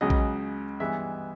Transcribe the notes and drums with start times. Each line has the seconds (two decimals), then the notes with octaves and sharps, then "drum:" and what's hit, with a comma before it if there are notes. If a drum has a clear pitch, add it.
0.01 C#2 C#3 F#3 D#5
0.10 drum: kick A#1
0.80 G2 E3 G#3 B3 E5